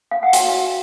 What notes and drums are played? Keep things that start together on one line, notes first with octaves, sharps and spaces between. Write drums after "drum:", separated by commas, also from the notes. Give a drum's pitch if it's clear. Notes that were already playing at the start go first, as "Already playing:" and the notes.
F5
F#5
F#4 F5 G5, drum: hi-hat
F#4